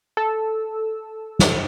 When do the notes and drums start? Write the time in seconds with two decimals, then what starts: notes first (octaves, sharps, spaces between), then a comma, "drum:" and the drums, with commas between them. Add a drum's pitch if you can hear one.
0.17 A4 E6
1.39 drum: snare